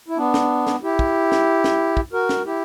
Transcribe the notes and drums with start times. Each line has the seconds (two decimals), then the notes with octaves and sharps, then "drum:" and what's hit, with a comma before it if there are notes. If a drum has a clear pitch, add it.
0.08 E4
0.17 B3 D4
0.34 drum: snare
0.67 drum: snare
0.83 E4 G4
0.99 drum: kick
1.32 drum: snare
1.64 drum: snare
1.97 drum: kick
2.13 F#4 A#4
2.29 drum: snare
2.46 E4 G4